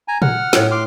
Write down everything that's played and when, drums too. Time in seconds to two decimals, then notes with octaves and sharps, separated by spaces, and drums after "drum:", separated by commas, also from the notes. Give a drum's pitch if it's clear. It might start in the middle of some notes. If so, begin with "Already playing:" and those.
0.08 G#5 A#5
0.22 F#5 F6, drum: tom A#2
0.53 A2 G5, drum: snare
0.71 C6 D6 F6